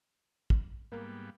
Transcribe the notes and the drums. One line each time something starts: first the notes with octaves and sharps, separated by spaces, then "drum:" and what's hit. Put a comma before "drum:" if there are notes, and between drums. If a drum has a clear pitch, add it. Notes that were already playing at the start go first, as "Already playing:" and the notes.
drum: kick
G#2 G3 A#3 B3